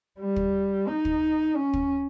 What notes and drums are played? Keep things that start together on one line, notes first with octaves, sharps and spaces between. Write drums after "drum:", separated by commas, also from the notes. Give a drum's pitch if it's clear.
G3
drum: kick
D#4
drum: kick
C#4
drum: kick